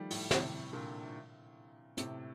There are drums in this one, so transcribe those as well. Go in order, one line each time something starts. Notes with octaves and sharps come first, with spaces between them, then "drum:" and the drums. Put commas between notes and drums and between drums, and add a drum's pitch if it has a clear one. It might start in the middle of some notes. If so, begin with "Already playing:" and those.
Already playing: D#3 F3 G3 A3
A2, drum: open hi-hat
A2 C3, drum: snare
A#2 D3
A2 C3, drum: hi-hat